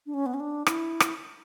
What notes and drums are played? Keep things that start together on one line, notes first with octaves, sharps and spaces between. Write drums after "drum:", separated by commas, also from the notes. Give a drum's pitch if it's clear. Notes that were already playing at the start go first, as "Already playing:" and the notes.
D4
C#4
B3
C#4
D4
E4, drum: rim click
drum: rim click